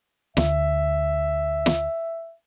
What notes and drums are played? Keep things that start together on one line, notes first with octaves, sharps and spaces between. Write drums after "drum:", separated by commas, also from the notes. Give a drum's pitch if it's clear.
D2 E5, drum: snare
drum: snare